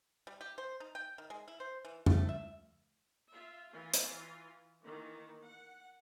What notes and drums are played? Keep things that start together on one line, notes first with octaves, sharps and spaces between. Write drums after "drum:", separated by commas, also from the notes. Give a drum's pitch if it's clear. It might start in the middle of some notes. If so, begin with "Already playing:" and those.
G3
G4
C5
D#4
G5
D#3
G#3
E4
C5
E3
A3, drum: tom F2
E5
F4 E5
E3 F4 G#5
drum: hi-hat
D#3 E3 A#3
F#5